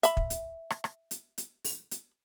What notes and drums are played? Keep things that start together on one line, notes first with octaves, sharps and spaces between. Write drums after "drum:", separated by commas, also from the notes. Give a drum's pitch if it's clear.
E5 B5, drum: hi-hat
drum: kick
drum: hi-hat
drum: rim click
drum: rim click
drum: hi-hat
drum: hi-hat
drum: open hi-hat
drum: hi-hat